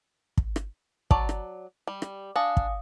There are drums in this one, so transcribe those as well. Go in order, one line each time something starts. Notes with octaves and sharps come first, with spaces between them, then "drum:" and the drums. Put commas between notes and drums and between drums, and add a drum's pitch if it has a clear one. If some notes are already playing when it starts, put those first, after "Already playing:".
drum: kick
drum: rim click
F#3 D5 A5, drum: kick
drum: rim click
G3
drum: rim click
D4 F5 G#5 D#6
drum: kick